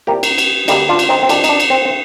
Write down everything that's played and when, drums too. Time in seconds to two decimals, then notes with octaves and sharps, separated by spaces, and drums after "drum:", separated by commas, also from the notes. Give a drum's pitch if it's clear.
0.07 C2 A#2 G3 A#3 G4 A#4
0.23 drum: cymbal
0.38 drum: cymbal
0.68 D2 D3 G3 A#3 D#4 G4, drum: cymbal
0.89 D4 F4
0.99 drum: cymbal
1.09 C4 D#4
1.23 C4
1.29 F2 C3 D#3 D4, drum: cymbal
1.44 D#4, drum: cymbal
1.49 D4
1.60 drum: cymbal
1.70 C4
1.85 C4